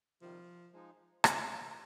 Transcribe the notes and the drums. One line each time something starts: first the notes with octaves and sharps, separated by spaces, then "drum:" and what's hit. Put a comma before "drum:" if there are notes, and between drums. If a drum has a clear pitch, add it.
C3 D#3 F3 G3
F3 G#3 D#4
D#3 G#3 C4 D#4, drum: rim click